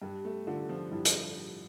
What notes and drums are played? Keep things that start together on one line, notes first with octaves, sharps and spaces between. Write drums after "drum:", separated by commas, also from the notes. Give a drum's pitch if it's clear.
G2 G4
A3
D3 F4
F3
G2 E4
drum: hi-hat